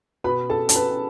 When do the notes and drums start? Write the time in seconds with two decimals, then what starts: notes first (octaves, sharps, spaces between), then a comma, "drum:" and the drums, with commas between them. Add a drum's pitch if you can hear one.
0.24 B2 B4 B5
0.50 A4 A5
0.69 A5, drum: hi-hat
0.75 B4 B5